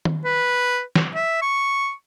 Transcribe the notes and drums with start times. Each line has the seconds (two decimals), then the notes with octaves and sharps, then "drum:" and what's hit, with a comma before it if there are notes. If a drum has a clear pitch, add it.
0.05 drum: tom D#3
0.25 B4
0.95 drum: snare
1.15 E5
1.42 C#6